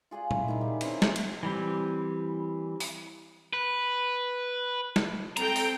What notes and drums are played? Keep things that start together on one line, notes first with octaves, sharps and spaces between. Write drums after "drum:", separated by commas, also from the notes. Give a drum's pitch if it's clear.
F4 G#4 D5 F#5
E4, drum: tom A#2
D#3 G#3 D#4
G3
C4 C#4 E4 B4, drum: cymbal
A#4, drum: snare
drum: cymbal
E3 G3 C4
drum: open hi-hat
B4
drum: snare
C4 A4 G5 A#5, drum: hi-hat
drum: open hi-hat